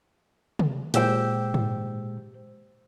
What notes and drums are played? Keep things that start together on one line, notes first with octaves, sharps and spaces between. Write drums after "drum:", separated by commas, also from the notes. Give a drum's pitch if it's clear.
drum: tom C3
A#2 G#3 G4 C5 G5 E6, drum: hi-hat
drum: tom G#2